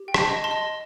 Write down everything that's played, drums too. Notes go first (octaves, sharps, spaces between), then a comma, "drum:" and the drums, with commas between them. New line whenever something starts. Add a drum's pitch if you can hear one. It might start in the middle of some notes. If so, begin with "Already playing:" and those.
Already playing: G4
G5
A5, drum: rim click
D#5
A5 C6
D#5